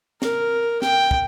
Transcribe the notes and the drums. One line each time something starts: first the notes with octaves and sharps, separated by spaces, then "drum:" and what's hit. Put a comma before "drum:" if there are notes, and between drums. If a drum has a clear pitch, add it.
A#4, drum: snare
G5, drum: snare
drum: kick